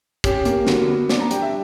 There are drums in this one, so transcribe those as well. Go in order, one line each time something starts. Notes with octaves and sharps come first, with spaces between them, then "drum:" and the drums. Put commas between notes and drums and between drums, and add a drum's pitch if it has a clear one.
C#4 G4, drum: kick, hi-hat
A#3, drum: hi-hat
D3 F#4, drum: snare
B3
D4 D5, drum: snare
A#5
G3 G5, drum: hi-hat
E5